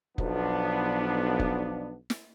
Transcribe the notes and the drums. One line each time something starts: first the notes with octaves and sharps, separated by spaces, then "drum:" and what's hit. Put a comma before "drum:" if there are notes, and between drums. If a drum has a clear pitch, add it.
B1 F3 B3 D4, drum: kick F1
drum: kick F1
drum: snare